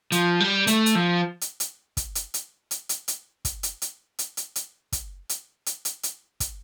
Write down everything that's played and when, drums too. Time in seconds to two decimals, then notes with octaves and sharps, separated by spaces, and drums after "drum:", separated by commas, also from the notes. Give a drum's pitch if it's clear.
0.12 F3, drum: hi-hat
0.40 G3
0.67 A3, drum: hi-hat
0.86 drum: hi-hat
0.95 F3
1.41 drum: hi-hat
1.60 drum: hi-hat
1.97 drum: kick, hi-hat
2.15 drum: hi-hat
2.34 drum: hi-hat
2.71 drum: hi-hat
2.89 drum: hi-hat
3.08 drum: hi-hat
3.45 drum: kick, hi-hat
3.63 drum: hi-hat
3.82 drum: hi-hat
4.19 drum: hi-hat
4.37 drum: hi-hat
4.56 drum: hi-hat
4.92 drum: kick, hi-hat
5.29 drum: hi-hat
5.66 drum: hi-hat
5.85 drum: hi-hat
6.03 drum: hi-hat
6.40 drum: kick, hi-hat